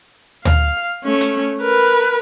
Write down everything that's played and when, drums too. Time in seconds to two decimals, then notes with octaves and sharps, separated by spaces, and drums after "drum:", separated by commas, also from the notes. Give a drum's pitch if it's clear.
0.45 F5, drum: tom
1.04 A3 C#4
1.21 drum: hi-hat
1.61 A#4 B4